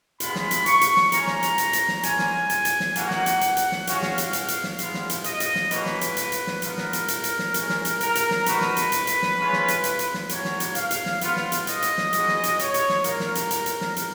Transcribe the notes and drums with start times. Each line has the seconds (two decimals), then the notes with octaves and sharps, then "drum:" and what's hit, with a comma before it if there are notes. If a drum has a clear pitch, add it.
0.20 G#3 B3 F4 B5, drum: hi-hat
0.36 drum: snare
0.51 drum: hi-hat
0.66 C#6, drum: hi-hat
0.81 drum: hi-hat
0.97 drum: snare
1.12 A#3 C#4 F4 A#5, drum: hi-hat
1.27 drum: snare
1.43 drum: hi-hat
1.58 drum: hi-hat
1.73 drum: hi-hat
1.88 drum: snare
2.03 A#3 C#4 F4 G#5, drum: hi-hat
2.19 drum: snare
2.50 drum: hi-hat
2.65 drum: hi-hat
2.80 drum: snare
2.96 A#3 D#4 F#4 F#5, drum: hi-hat
3.11 drum: snare
3.26 drum: hi-hat
3.41 drum: hi-hat
3.57 drum: hi-hat
3.72 drum: snare
3.87 G#3 C#4 F#4 F5, drum: hi-hat
4.03 drum: snare
4.18 drum: hi-hat
4.33 drum: hi-hat
4.48 drum: hi-hat
4.64 drum: snare
4.79 G#3 B3 F4, drum: hi-hat
4.94 drum: snare
5.10 drum: hi-hat
5.24 D#5, drum: hi-hat
5.40 drum: hi-hat
5.55 drum: snare
5.71 A#3 C#4 F#4 B4, drum: hi-hat
5.86 drum: snare
6.01 drum: hi-hat
6.17 drum: hi-hat
6.32 drum: hi-hat
6.47 drum: snare
6.62 B3 F4 A#4, drum: hi-hat
6.78 drum: snare
6.93 drum: hi-hat
7.08 drum: hi-hat
7.24 drum: hi-hat
7.39 drum: snare
7.54 G#3 C#4 F4, drum: hi-hat
7.70 drum: snare
7.85 drum: hi-hat
8.01 A#4, drum: hi-hat
8.15 drum: hi-hat
8.31 drum: snare
8.46 B3 D#4 F#4 B4, drum: hi-hat
8.61 drum: snare
8.77 drum: hi-hat
8.92 drum: hi-hat
9.07 drum: hi-hat
9.22 drum: snare
9.38 G#3 C#4 F4
9.53 drum: snare
9.68 drum: hi-hat
9.84 drum: hi-hat
9.99 drum: hi-hat
10.14 drum: snare
10.29 A#3 C#4 F#4 C#5, drum: hi-hat
10.45 drum: snare
10.60 drum: hi-hat
10.75 F5, drum: hi-hat
10.91 drum: hi-hat
11.06 drum: snare
11.21 B3 F4, drum: hi-hat
11.37 drum: snare
11.52 drum: hi-hat
11.67 D#5, drum: hi-hat
11.82 drum: hi-hat
11.98 drum: snare
12.13 G#3 B3 F#4, drum: hi-hat
12.28 drum: snare
12.44 drum: hi-hat
12.59 C#5, drum: hi-hat
12.74 drum: hi-hat
12.89 drum: snare
13.04 A#3 F4 A#4, drum: hi-hat
13.20 drum: snare
13.35 drum: hi-hat
13.51 drum: hi-hat
13.66 drum: hi-hat
13.81 drum: snare
13.96 drum: hi-hat